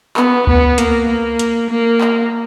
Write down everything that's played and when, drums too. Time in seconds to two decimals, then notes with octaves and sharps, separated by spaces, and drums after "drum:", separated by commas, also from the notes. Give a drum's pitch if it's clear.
0.17 B3, drum: clap
0.47 B3, drum: kick C#2
0.78 A#3, drum: hi-hat
1.09 A#3
1.39 drum: hi-hat
1.70 A#3
2.01 drum: clap